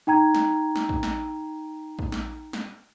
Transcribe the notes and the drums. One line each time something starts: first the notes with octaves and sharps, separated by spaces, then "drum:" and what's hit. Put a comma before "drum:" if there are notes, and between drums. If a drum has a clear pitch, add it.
D#4 G5 A#5 G#6
drum: snare
drum: snare
drum: kick
drum: snare
drum: kick
drum: snare
drum: snare